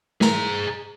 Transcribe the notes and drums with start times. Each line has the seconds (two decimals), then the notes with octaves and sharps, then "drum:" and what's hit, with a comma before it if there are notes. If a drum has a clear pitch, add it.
0.21 G#4 A#5, drum: snare